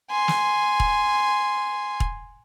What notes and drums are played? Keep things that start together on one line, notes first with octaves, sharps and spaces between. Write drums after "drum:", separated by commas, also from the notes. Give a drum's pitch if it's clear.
G#5 C6
drum: snare
drum: kick
drum: kick